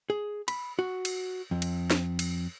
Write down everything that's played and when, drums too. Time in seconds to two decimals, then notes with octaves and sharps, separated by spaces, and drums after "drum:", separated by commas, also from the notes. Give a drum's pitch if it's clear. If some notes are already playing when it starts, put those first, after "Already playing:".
0.10 G#4
0.48 B5, drum: cymbal
0.79 F#4
1.05 drum: cymbal
1.51 F2
1.62 drum: cymbal
1.90 drum: snare
2.19 drum: cymbal